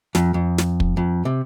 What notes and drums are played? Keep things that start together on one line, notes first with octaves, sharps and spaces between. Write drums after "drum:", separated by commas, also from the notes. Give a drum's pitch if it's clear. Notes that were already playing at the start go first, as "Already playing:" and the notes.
F2, drum: snare
F2
drum: snare
drum: kick
F2
C3